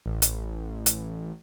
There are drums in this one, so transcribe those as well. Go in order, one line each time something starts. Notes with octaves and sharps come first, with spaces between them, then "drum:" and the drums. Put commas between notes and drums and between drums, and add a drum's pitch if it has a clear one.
A1
drum: hi-hat
drum: hi-hat